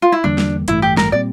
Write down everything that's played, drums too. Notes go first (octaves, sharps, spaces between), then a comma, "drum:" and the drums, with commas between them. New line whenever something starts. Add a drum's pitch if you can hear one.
F4
E4
E2 D3 G3 A#3 D4
drum: snare
A1 G2 E3 A3 E4, drum: hi-hat
G4
A#4, drum: snare
A#2 G3 C4 D5